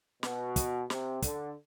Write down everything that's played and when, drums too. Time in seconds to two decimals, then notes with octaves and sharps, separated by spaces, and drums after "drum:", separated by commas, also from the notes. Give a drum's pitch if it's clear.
0.23 B2, drum: snare
0.56 drum: kick, hi-hat
0.90 C3, drum: snare
1.22 D3, drum: kick, hi-hat